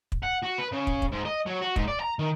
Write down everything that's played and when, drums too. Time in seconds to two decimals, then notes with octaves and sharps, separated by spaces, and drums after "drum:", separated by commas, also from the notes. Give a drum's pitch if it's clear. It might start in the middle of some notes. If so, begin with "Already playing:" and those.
0.12 drum: kick
0.23 F#5
0.43 F#4
0.58 B4
0.72 C#3
0.87 drum: kick
1.02 drum: kick
1.12 G#2
1.26 D#5
1.46 F#3
1.62 F#4
1.76 G#2, drum: kick
1.88 D5
2.01 A#5
2.19 D#3